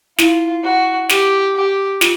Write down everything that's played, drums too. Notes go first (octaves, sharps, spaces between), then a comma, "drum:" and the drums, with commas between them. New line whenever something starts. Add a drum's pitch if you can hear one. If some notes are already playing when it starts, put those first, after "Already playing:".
E4 F4, drum: snare
F#4
G4, drum: snare
G4
F4, drum: snare